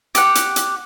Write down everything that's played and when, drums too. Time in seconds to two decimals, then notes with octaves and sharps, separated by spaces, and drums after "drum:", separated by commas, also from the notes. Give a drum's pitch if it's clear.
0.15 G4 F#5, drum: hi-hat
0.35 drum: hi-hat
0.56 drum: hi-hat